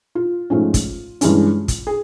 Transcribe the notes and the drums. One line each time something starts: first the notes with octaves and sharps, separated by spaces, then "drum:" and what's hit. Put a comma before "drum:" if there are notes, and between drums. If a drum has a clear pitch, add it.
F4
G#2 F3 A3 C#4
drum: kick, hi-hat
G2 E3 G#3 C#4, drum: hi-hat
drum: kick, hi-hat
G#4